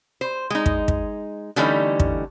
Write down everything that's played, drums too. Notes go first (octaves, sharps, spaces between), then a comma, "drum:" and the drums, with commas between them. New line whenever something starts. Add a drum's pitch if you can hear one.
C5
G#3 D#4
drum: kick
drum: kick
D3 E3 G3 A3 C#4 D#4
drum: kick